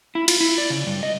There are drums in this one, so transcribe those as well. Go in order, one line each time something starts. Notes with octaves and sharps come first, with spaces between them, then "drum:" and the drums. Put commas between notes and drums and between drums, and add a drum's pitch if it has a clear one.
E4
F4, drum: cymbal
E4
D5
C#3
G2
D#5